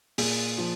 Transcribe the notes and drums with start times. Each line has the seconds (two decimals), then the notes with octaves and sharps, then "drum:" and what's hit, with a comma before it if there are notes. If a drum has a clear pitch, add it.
0.18 A#2 G#4, drum: open hi-hat
0.58 F3